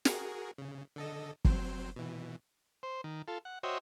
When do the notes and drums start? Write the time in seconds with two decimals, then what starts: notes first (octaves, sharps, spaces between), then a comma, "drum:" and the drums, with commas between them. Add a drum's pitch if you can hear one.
0.05 F#4 G#4 A#4, drum: snare
0.58 C#3
0.96 D3 A4 D#5
1.45 F#3 C4 C5, drum: kick F#1
1.96 B2 E3
2.83 C5
3.04 D#3
3.28 F4 A4
3.45 F#5
3.63 F#4 C5 C#5 D#5 E5 G5